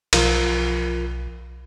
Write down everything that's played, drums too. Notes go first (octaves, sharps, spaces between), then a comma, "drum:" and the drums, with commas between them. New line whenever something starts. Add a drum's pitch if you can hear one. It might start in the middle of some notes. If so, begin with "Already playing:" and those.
B1 F3 F4 A#4, drum: cymbal